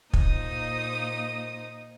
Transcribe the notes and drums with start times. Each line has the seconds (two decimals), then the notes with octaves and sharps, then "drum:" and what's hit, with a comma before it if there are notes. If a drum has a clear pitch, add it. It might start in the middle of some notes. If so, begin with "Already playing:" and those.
0.13 A#2 D#4 C5 D#6, drum: kick